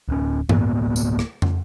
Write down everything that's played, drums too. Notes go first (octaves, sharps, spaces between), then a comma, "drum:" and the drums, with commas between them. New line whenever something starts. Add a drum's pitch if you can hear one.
D1 C#4
D1 A2 A#3 B3, drum: tom G2
drum: tambourine
drum: rim click
drum: tom